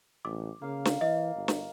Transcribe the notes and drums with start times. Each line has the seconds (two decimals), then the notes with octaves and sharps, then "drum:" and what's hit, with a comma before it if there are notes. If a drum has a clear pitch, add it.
0.25 A1 D6
0.62 C#3 A#3 F5
0.85 drum: snare
1.01 E3 D#5
1.36 G1
1.48 drum: snare